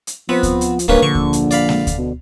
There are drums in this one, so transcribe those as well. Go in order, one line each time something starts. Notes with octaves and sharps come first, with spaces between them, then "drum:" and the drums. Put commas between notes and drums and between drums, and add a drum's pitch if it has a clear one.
drum: hi-hat
F3 B3 C4
drum: kick D2, hi-hat
drum: hi-hat
drum: hi-hat
D1 G2 A#3 C#4 B4
A#1 D3 C#6
drum: kick D2
drum: hi-hat
D5 F5 B5, drum: hi-hat
drum: snare G#3
drum: kick D2, hi-hat
B2